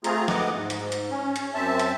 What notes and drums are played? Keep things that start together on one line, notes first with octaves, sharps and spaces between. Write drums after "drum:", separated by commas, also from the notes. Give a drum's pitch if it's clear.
A3 C4 F4 G#4 A#5, drum: hi-hat
D2 B3 D#5 F#5 D6, drum: snare
G#2
drum: hi-hat
drum: hi-hat
C#4
drum: hi-hat
F#2 C4 E5 A5
drum: hi-hat